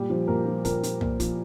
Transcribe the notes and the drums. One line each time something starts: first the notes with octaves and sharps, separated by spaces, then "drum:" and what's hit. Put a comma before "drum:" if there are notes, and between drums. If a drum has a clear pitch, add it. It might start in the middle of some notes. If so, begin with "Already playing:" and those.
Already playing: A#2 G3 G4
F3
A#2 A#3 A#4
F3
A#2 A#3 A#4, drum: kick, hi-hat
F3, drum: hi-hat
A#2, drum: tom
F3, drum: kick, hi-hat